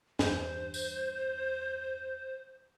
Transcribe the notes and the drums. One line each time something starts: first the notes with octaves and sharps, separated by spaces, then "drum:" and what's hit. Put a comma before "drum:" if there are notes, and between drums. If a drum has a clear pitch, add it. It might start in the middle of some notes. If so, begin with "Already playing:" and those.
E2 G2 C5, drum: snare
drum: tambourine